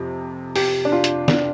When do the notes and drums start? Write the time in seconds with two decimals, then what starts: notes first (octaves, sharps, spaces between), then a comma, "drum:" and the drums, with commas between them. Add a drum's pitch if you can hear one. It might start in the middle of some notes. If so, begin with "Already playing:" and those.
Already playing: F2 C3
0.56 G4, drum: open hi-hat
0.85 D4
0.92 F4
1.04 drum: hi-hat
1.28 D4, drum: snare